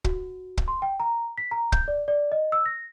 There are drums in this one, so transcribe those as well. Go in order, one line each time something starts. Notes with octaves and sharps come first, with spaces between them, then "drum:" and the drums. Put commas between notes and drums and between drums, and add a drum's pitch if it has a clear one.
F#4, drum: kick
drum: kick
C6
G5
A#5
B6
A#5
G6, drum: kick
D5
D5
D#5
E6
A#6